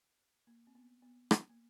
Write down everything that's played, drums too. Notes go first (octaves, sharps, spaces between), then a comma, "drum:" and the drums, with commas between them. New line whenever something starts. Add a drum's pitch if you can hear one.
A#3
C4
B3
B3
drum: rim click
A#3